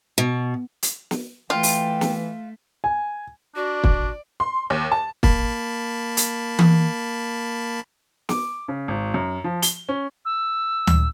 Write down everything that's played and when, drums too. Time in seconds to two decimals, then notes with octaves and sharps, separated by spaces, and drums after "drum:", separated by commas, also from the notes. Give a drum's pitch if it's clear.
0.18 B2
0.83 drum: hi-hat
1.11 drum: snare
1.50 E3 A3 F4 G5
1.63 drum: open hi-hat
2.01 drum: snare
2.84 G#5
3.56 D4 F#4 D5
3.84 drum: kick
4.40 C6
4.70 D#2
4.92 A5
5.23 A#3 A5 B5, drum: kick
6.17 drum: hi-hat
6.59 drum: tom E3
8.29 D6, drum: snare
8.68 C#3
8.88 G#1
9.14 F#2
9.44 F3
9.62 G7, drum: hi-hat
9.89 C#4
10.25 E6
10.87 drum: tom D2